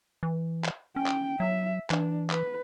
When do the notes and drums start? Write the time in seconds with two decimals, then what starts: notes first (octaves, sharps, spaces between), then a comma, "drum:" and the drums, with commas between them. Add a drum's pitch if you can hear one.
0.23 E3
0.64 drum: clap
0.96 C#4 G5
1.06 drum: clap
1.40 F#3 E5
1.90 E3 D4, drum: clap
2.30 B4, drum: clap